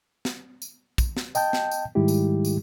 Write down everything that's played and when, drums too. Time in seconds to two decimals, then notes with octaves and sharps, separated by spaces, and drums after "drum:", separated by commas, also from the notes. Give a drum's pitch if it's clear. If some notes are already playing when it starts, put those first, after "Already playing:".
0.25 drum: snare
0.62 drum: tambourine
0.98 drum: kick, tambourine
1.17 drum: snare
1.35 D#5 G5 A5 G6, drum: tambourine
1.53 drum: snare
1.71 drum: tambourine
1.95 G#2 D#3 G3 G#3 E4 G4
2.08 drum: tambourine
2.45 drum: tambourine